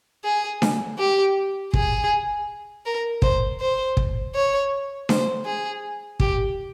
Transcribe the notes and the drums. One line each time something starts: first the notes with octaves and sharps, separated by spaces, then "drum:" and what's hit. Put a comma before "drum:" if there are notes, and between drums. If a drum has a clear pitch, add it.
G#4
drum: snare D4
G4
G#4, drum: kick
A#4
C5, drum: kick
C5
drum: kick
C#5
C5, drum: snare D4
G#4
G4, drum: kick